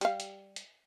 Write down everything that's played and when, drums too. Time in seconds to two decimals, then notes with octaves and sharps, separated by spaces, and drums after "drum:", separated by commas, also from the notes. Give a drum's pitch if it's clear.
0.01 G3 F5, drum: hi-hat
0.20 drum: hi-hat
0.56 drum: hi-hat